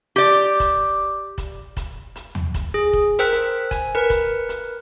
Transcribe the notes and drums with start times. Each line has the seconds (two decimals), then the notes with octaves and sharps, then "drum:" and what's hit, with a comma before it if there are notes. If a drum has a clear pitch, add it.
0.16 G4 D5
0.60 drum: kick, hi-hat
1.38 drum: kick, hi-hat
1.77 drum: kick, hi-hat
2.15 drum: hi-hat
2.35 drum: tom
2.54 drum: kick, hi-hat
2.74 G#4
2.93 drum: kick
3.19 A#4 C5 G5 E6 F#6 B6
3.32 drum: hi-hat
3.71 G#5, drum: kick, hi-hat
3.95 A#4 B4
4.10 drum: kick, hi-hat
4.49 drum: hi-hat